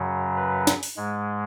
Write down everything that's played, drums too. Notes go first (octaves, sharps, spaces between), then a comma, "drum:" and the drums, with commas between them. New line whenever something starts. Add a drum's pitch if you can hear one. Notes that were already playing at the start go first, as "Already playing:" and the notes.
Already playing: F#2 C#3 F#3
B4
drum: snare
drum: open hi-hat
G#2 G#3